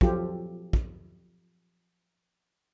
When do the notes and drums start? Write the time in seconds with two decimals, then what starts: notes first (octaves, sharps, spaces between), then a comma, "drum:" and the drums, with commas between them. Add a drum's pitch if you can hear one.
0.01 F3 F#3 F4 G4 A4, drum: kick
0.73 drum: kick